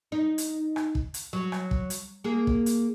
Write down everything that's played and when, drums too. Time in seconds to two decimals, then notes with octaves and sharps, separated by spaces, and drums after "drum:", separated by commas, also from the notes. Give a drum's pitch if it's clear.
0.12 D#4
0.38 drum: hi-hat
0.76 drum: rim click
0.95 drum: kick
1.14 drum: hi-hat
1.33 F#3
1.52 drum: rim click
1.71 drum: kick
1.90 drum: hi-hat
2.24 A#3 G#4
2.47 drum: kick
2.66 drum: hi-hat